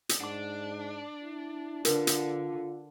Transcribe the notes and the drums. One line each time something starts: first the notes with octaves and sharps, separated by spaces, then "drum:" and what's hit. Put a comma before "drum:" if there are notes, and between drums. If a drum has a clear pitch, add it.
drum: hi-hat
G#2 D4 F#5 D6
E4
D3 F4 A#4 B4, drum: hi-hat
drum: hi-hat